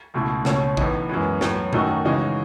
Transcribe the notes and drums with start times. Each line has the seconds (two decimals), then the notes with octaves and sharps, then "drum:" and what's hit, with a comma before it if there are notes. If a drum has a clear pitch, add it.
0.14 C#2 B2 A3 E4
0.45 C#2 B2 A3 C#4, drum: snare
0.77 A2 E3 B3 D#4, drum: kick
1.09 F#2 E3 G#3 B3
1.41 A2 F#3 B3, drum: snare
1.73 F#2 D#3 A3 D#4 F#4, drum: tom A2
2.05 C#3 E3 G#3 D#4 F#4